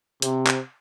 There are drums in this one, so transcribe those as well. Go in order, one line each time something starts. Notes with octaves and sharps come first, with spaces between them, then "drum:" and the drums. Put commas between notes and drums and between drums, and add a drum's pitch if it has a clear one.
C3, drum: hi-hat
drum: clap